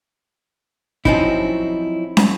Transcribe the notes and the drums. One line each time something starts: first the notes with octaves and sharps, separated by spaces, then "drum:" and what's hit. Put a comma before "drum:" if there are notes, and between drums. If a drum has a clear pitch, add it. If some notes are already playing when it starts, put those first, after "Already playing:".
F3 F#3 C4 C#4 D#4 E4, drum: kick
drum: snare